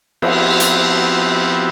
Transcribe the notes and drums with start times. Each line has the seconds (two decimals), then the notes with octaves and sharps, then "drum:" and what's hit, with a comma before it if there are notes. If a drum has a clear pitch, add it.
0.22 F3 B3 C4 E4 F#4 G4, drum: cymbal
0.60 drum: hi-hat